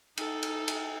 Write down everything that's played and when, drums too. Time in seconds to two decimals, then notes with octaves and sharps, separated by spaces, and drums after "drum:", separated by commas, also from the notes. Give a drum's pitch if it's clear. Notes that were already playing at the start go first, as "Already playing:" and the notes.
0.17 D#4 A4, drum: cymbal
0.43 drum: cymbal
0.68 drum: cymbal